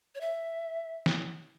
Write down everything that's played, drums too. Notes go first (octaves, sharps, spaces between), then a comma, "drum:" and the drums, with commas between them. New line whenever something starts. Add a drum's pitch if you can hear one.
C#5
E5
drum: snare